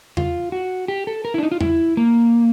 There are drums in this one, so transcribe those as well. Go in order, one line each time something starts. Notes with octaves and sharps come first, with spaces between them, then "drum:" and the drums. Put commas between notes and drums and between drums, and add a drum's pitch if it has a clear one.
F4, drum: tom E2
F#4
G4
A4
A#4
E4
D4
D#4
F4
E4, drum: tom E2
A#3